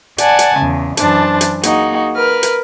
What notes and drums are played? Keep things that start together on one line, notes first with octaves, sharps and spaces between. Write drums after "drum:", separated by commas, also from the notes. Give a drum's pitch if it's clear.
D5 F#5 G#5 A5, drum: hi-hat
drum: hi-hat
E2 C#3
F#2 E3 D4 C5 A5, drum: hi-hat
drum: hi-hat
A#3 D#4 F#4 G#4, drum: hi-hat
A#4 B4 F6
drum: hi-hat